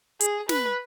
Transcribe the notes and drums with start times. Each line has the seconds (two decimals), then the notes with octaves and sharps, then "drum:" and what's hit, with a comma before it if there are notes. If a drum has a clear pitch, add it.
0.21 G#4, drum: hi-hat
0.49 B4, drum: snare